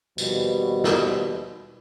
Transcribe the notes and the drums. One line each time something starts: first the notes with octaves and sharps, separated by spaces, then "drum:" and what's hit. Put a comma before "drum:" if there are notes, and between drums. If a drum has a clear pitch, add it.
D#2 B2 F3 G3, drum: tambourine
drum: snare